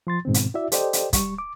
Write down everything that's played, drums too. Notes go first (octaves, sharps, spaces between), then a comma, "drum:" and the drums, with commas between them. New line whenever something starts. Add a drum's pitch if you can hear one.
F3 C6 A6
G#2 B2 D#3 C4
drum: hi-hat
E4 F#4 D5 E5
G4 A4 C5 D5 D#5 G5, drum: hi-hat
drum: hi-hat
G3 C#6, drum: kick, hi-hat
D6